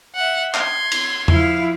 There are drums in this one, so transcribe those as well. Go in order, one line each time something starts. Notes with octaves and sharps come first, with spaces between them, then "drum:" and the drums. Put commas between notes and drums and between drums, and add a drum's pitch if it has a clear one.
E5 F#5
C6 G#6, drum: clap
drum: cymbal
F3 E4 F5, drum: tom E2